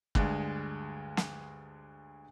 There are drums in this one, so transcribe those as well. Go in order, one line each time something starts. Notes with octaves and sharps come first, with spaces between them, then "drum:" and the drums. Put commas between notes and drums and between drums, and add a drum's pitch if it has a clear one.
D2 G2 G#3, drum: kick
drum: snare